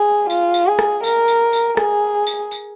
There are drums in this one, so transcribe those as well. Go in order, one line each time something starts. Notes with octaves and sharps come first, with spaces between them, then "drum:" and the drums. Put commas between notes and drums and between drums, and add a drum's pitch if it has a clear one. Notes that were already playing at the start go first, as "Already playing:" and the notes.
Already playing: G#4
F4, drum: tambourine
drum: tambourine
G#4
drum: rim click
A#4, drum: tambourine
drum: tambourine
drum: tambourine
G#4, drum: rim click
drum: tambourine
drum: tambourine